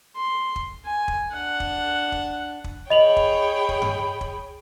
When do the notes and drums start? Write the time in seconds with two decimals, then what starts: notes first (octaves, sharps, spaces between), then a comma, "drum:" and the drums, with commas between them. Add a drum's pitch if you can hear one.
0.16 C6
0.56 drum: kick
0.85 G#5
1.08 drum: kick
1.32 D4 F#5
1.60 drum: kick
2.12 drum: kick
2.64 drum: kick
2.90 G#4 C#5 D#5 G5 B5 F7 F#7
3.17 drum: kick
3.69 drum: kick
3.82 drum: tom G2
4.21 drum: kick